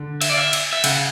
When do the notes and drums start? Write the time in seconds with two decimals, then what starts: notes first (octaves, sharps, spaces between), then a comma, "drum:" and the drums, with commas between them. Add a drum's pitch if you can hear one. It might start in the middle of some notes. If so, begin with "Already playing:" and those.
Already playing: D3
0.22 E5, drum: cymbal
0.30 D5
0.37 E5
0.53 drum: cymbal
0.73 E5
0.84 C#3 F#5, drum: cymbal